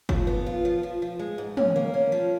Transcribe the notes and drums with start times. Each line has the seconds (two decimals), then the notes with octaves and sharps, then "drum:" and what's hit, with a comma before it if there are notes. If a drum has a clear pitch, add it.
0.09 F3, drum: kick G1
0.27 B3
0.46 F4
0.65 F3
0.83 F3
1.02 F3
1.19 G#3
1.38 G#2
1.57 C#4, drum: tom
1.76 A#3
1.94 C#4
2.12 F3